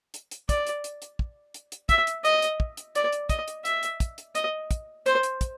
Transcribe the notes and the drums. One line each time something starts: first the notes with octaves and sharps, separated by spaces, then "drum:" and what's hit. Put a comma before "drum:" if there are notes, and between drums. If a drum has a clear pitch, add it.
drum: hi-hat
drum: hi-hat
D5, drum: kick, hi-hat
drum: hi-hat
drum: hi-hat
drum: hi-hat
drum: kick
drum: hi-hat
drum: hi-hat
E5, drum: kick, hi-hat
drum: hi-hat
D#5, drum: hi-hat
drum: hi-hat
drum: kick
drum: hi-hat
D5, drum: hi-hat
drum: hi-hat
D#5, drum: kick, hi-hat
drum: hi-hat
E5, drum: hi-hat
drum: hi-hat
drum: kick, hi-hat
drum: hi-hat
D#5, drum: hi-hat
drum: kick, hi-hat
C5, drum: hi-hat
drum: hi-hat
drum: kick, hi-hat